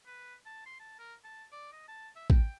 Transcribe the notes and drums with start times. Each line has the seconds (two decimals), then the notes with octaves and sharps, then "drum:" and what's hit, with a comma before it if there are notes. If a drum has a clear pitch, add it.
0.06 B4
0.46 A5
0.66 C6
0.80 A5
0.99 A#4
1.24 A5
1.52 D5
1.72 D#5
1.88 A5
2.16 E5
2.30 G5, drum: kick